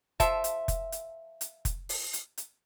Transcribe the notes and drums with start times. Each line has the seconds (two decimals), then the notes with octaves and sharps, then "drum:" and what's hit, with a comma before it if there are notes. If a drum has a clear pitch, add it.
0.20 F3 A4 E5, drum: kick F1, hi-hat
0.44 drum: hi-hat
0.68 drum: kick F1, hi-hat
0.92 drum: hi-hat
1.41 drum: hi-hat
1.65 drum: kick F1, hi-hat
1.89 drum: open hi-hat
2.13 drum: hi-hat
2.38 drum: hi-hat